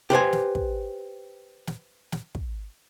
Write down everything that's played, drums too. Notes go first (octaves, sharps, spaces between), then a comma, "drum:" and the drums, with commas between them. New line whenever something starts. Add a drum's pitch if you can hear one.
G4 B4 C5 G#5
drum: snare
drum: kick
drum: snare
drum: snare
drum: kick